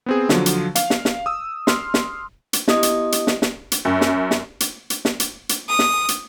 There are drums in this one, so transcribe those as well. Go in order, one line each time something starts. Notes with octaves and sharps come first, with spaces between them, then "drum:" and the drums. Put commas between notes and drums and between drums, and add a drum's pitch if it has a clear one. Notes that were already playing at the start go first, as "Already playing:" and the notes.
B3 C4 G#4
D3 F3 F#3, drum: snare
drum: hi-hat
F5, drum: hi-hat
drum: snare
drum: snare
D#6 E6
C6 F6, drum: snare
drum: snare
drum: hi-hat
B3 E4 G4 D#5 D#6, drum: snare
drum: hi-hat
drum: hi-hat
drum: snare
drum: snare
drum: hi-hat
F#2
drum: snare
drum: snare
drum: hi-hat
drum: hi-hat
drum: snare
drum: hi-hat
drum: hi-hat
D#6
drum: snare
drum: hi-hat